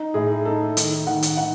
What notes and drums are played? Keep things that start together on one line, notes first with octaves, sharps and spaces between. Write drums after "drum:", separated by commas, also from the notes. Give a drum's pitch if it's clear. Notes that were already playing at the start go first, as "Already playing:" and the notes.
Already playing: D#4
A2 G#4
D#4 A4
D#3, drum: hi-hat
D#3 F#5
drum: hi-hat
D#3 F#5